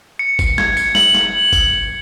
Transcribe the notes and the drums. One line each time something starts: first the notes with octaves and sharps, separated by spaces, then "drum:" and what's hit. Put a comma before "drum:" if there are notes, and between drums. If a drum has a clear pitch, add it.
C#7
C#7, drum: kick, tambourine
G#6, drum: snare
C#7, drum: tambourine
F#7, drum: snare
drum: snare
drum: kick, tambourine